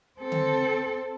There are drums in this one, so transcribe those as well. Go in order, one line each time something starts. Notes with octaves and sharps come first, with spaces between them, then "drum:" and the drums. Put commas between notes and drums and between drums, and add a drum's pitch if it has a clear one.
C4 A4
drum: tom D3